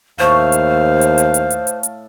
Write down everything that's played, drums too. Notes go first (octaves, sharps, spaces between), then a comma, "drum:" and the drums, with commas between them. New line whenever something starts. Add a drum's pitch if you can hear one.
D#2 A2 C5 F5 A5 C#6
drum: hi-hat
drum: hi-hat
drum: hi-hat
drum: hi-hat
drum: hi-hat
drum: hi-hat
drum: hi-hat